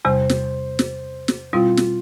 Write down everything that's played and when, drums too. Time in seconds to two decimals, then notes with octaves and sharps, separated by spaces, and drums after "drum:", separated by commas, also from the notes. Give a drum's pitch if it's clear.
0.05 E2 C3 G3 C5
0.29 drum: snare
0.79 drum: snare
1.28 drum: snare
1.53 B2 G3 C4 E4 F4
1.77 drum: snare